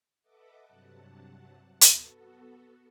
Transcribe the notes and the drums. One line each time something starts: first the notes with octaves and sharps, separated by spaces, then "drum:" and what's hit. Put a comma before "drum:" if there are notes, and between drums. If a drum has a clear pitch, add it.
A4 B4 D#5 E5 F#5 D6
G2 C3 F#3 F#5 A5
B3 F#4 A4, drum: hi-hat